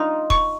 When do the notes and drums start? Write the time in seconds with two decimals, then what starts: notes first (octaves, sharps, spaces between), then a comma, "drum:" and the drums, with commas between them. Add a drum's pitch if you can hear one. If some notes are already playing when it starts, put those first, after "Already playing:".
Already playing: D#4 F4 A#5
0.30 C#6, drum: kick